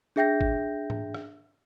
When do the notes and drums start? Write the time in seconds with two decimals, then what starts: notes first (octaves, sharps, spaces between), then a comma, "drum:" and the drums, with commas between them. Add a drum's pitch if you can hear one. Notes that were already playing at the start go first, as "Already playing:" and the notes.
0.16 D4 G#4 E5 G5 G6 A#6
0.41 drum: kick
0.90 drum: tom
1.14 drum: rim click